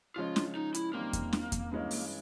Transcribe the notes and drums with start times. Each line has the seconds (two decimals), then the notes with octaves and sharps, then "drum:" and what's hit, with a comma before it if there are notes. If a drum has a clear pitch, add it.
0.16 C#3 F3 G#3 C#4 F4
0.36 drum: snare
0.55 D#4
0.74 E4, drum: hi-hat
0.93 F#2 D#3 G3 A#3 C4
1.13 drum: kick E2, hi-hat
1.33 drum: snare
1.52 drum: kick E2, hi-hat
1.72 G2 E3 G#3 C#4
1.91 drum: open hi-hat